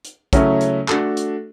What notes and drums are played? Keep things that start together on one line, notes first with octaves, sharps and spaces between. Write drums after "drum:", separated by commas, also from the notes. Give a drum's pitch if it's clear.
drum: hi-hat
C#3 F#3 A3 C#4 E4, drum: kick, hi-hat
drum: hi-hat
A3 D4 F#4 A4, drum: clap
drum: hi-hat